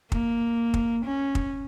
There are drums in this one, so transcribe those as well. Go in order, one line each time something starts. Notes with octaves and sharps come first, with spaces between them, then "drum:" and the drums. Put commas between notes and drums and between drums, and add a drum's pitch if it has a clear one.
A#3, drum: kick
drum: kick
C#4
drum: kick